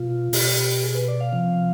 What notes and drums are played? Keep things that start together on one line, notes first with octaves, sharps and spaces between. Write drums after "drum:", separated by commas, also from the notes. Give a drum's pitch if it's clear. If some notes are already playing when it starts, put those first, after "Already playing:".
Already playing: B2 F4
B2 G4, drum: open hi-hat
G#4
B4
D5
F5
C3 F3